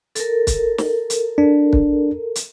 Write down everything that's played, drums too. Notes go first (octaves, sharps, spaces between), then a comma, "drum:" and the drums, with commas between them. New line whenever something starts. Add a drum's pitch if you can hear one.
A4 A#4, drum: hi-hat
drum: kick, hi-hat
drum: snare
drum: hi-hat
D4
drum: kick
drum: hi-hat